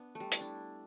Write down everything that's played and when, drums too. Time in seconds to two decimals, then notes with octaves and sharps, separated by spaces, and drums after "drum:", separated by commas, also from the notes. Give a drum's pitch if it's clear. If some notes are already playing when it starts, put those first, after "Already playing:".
Already playing: B3 D4
0.15 A3
0.20 G3
0.32 E4, drum: hi-hat
0.41 D4